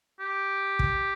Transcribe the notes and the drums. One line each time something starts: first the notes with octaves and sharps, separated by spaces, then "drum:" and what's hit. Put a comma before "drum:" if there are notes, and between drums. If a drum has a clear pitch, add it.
G4
drum: kick